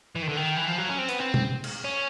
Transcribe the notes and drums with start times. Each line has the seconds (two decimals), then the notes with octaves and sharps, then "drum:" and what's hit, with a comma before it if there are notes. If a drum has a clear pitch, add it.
0.15 E3
0.22 D#3
0.29 D3
0.37 D#3
0.57 E3
0.68 F3
0.78 F#3
0.89 C#4
0.98 C4
1.09 B3, drum: hi-hat
1.19 C4
1.34 drum: tom
1.64 drum: cymbal
1.84 C#4